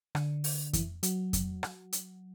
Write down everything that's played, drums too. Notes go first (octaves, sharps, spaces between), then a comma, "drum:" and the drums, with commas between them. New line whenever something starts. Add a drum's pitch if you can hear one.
D3, drum: rim click
drum: open hi-hat
E3, drum: kick F2, hi-hat
F#3, drum: hi-hat
drum: kick F2, hi-hat
drum: rim click
drum: hi-hat